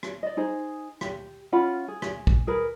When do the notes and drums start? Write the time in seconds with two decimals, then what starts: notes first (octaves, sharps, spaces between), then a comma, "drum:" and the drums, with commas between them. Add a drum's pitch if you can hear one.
0.03 drum: rim click
0.23 D5 D#5
0.37 D#4 G#4 C5
1.01 G4, drum: rim click
1.52 C#4 F4 F#5 B5
1.88 G#4
2.02 drum: rim click
2.27 drum: kick
2.47 G#4 A#4 B4